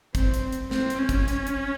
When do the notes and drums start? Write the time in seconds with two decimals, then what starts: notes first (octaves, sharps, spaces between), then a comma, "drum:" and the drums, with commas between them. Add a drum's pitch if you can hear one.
0.15 C4, drum: kick, hi-hat
0.34 drum: hi-hat
0.53 drum: hi-hat
0.71 C4, drum: snare
0.90 drum: hi-hat
0.99 C#4
1.09 drum: kick, hi-hat
1.28 drum: hi-hat
1.47 drum: hi-hat